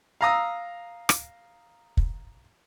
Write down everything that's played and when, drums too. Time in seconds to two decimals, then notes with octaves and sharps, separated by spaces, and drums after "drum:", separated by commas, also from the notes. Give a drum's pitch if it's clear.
0.21 F5 A#5 D#6 E6
1.09 drum: rim click
1.97 drum: kick